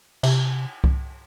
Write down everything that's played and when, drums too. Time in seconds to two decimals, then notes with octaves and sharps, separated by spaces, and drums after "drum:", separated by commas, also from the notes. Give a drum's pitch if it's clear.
0.23 C3, drum: cymbal
0.84 drum: kick C2